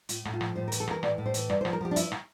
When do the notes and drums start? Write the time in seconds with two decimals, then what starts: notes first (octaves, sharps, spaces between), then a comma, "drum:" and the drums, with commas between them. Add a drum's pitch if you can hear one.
0.09 A2 F4, drum: hi-hat
0.25 A2, drum: rim click
0.33 F4
0.41 F3, drum: rim click
0.56 A2 C5
0.68 A#4
0.72 E3, drum: hi-hat
0.80 A4
0.87 E3 A#4, drum: rim click
1.03 A2 D5, drum: rim click
1.18 A2
1.26 C5
1.34 E3, drum: hi-hat
1.50 G2 D5, drum: rim click
1.61 C5
1.65 F3, drum: rim click
1.73 A#4
1.81 F3 G4
1.91 D4
1.96 G2 E4, drum: hi-hat
2.12 drum: rim click